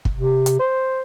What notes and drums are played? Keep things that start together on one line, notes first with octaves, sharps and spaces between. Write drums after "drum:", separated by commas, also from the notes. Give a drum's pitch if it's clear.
drum: kick
C3
drum: hi-hat
C5